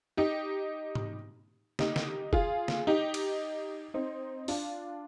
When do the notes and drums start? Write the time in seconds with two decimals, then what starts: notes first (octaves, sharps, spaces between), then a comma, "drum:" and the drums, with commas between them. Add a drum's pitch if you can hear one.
0.17 D#4 G4
0.95 drum: tom
1.79 D#4 G4, drum: snare
1.96 drum: snare
2.33 F4 G#4, drum: kick F#1
2.68 drum: snare
2.87 D#4 G4
3.14 drum: cymbal
3.94 C4 D#4
4.48 D4 F4, drum: open hi-hat